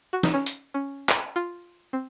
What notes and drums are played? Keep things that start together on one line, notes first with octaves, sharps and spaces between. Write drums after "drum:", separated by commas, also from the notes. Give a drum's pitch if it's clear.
F#4
D#4, drum: snare
C#4
drum: hi-hat
C#4
drum: clap
F4
C4